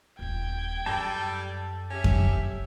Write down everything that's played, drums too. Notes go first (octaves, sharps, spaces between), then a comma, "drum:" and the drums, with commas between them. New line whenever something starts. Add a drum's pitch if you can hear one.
D#1 F4 G5 G#6
F#2 G3 A4 A5
C#4 G4 E5
drum: kick F2